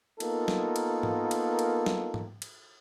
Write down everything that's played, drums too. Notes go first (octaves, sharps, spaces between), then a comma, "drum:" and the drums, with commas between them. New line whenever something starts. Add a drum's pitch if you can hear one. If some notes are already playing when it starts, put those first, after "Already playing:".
A#3 B3 D#4 F4 A4 A#4, drum: cymbal
drum: snare
drum: cymbal
drum: tom G#2
drum: cymbal
drum: cymbal
drum: snare
drum: tom G#2
drum: cymbal